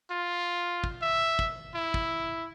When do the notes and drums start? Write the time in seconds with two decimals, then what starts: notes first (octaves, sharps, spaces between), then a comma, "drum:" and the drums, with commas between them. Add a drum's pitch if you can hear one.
0.11 F4
0.84 drum: kick
1.02 E5
1.39 drum: kick
1.74 E4
1.94 drum: kick